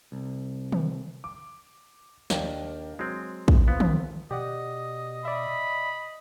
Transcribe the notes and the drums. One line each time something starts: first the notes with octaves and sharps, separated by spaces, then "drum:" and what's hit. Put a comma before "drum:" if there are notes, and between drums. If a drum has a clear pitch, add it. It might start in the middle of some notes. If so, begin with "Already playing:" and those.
C2
drum: tom
D6
D#2 D4 A#4 G5, drum: snare
F#3 G#3 C4
drum: kick
B3 C4 F4
drum: tom
B2 G4 D5 D#5 F#5
D5 E5 B5